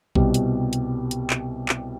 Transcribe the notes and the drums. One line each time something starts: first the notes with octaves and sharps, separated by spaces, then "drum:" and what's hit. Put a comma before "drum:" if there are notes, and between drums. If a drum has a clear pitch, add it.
C2 B2 G3, drum: kick A#1
drum: hi-hat
drum: hi-hat
drum: hi-hat
drum: clap
drum: clap